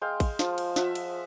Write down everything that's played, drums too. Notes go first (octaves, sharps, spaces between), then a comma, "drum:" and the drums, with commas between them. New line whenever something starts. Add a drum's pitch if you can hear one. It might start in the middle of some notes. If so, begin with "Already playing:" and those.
G#3 F5 G5
drum: kick A1, cymbal
F3, drum: snare
drum: cymbal
F3 E5 F#5, drum: snare
drum: cymbal